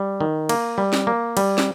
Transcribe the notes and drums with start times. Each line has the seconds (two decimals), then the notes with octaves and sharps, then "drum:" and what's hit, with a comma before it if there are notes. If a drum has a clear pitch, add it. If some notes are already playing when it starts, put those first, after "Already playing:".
Already playing: G3
0.20 D#3
0.49 A#3, drum: cymbal
0.78 G3
0.93 drum: snare
1.07 A#3
1.37 G3, drum: cymbal
1.58 drum: snare